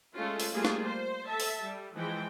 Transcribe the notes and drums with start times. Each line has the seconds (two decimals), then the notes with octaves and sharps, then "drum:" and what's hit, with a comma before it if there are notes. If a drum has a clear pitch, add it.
0.15 G#3 A3 C#4 F4
0.40 drum: open hi-hat
0.53 G3 A3 A#3 F4 G#4
0.65 drum: snare
0.85 C5
1.25 A4 E5 A5
1.40 drum: open hi-hat
1.62 G3
1.96 E3 F3 G#3 G5